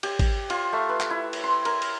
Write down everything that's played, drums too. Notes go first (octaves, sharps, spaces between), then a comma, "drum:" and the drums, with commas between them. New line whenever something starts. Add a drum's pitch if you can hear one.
G4, drum: cymbal
drum: kick, cymbal
F4, drum: cymbal
A3
B4
drum: clap
E4
drum: cymbal
C6
A#4, drum: cymbal
drum: cymbal